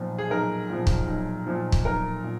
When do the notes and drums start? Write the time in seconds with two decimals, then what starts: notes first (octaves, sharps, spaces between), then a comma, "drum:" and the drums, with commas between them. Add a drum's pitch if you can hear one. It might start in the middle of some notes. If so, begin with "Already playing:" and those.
Already playing: B1 A#2 F3
0.18 G#4
0.30 B1 A#4
0.70 A#2 F3
0.87 drum: kick
1.08 B1
1.46 A#2 F3
1.72 drum: kick
1.85 B1 A#4
2.24 A#2